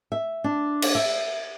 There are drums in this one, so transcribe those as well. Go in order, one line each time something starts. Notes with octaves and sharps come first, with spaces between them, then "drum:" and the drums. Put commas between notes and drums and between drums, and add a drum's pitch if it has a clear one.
E5
D4
drum: cymbal
E5